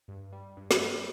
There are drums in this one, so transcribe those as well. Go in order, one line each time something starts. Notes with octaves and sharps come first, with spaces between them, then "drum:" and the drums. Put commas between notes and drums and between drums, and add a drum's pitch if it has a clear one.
G2
G3
G2
drum: snare
G3